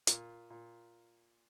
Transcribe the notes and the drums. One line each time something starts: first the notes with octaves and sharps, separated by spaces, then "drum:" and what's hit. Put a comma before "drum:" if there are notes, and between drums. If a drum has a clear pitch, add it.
A#2, drum: hi-hat
A#2